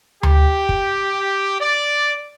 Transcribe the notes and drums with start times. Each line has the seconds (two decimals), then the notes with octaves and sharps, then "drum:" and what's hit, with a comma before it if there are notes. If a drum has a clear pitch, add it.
0.23 G4, drum: tom D2
0.69 drum: kick
1.61 D5